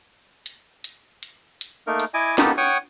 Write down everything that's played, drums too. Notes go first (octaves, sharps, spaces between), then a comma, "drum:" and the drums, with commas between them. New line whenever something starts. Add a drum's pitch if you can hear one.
drum: hi-hat
drum: hi-hat
drum: hi-hat
drum: hi-hat
A3 A#3 D#4 A#4
drum: hi-hat
E4 D#5 G#5 D6
A#3 B3 D#4 G4 A4, drum: snare
C#5 F#5 G5 C#6 D#6